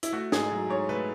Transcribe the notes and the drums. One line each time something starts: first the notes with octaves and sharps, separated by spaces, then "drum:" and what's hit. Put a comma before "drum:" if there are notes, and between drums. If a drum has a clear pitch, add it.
E4, drum: hi-hat
A3 F#4
G#2 G#4, drum: snare
F#3
G#2 C#5
A3 B4